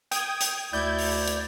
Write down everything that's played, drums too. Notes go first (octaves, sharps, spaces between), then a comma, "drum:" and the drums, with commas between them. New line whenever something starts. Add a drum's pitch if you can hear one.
G5 D#6 G#6, drum: hi-hat
drum: hi-hat
D2 E4 D5 G6 G#6
drum: open hi-hat
drum: hi-hat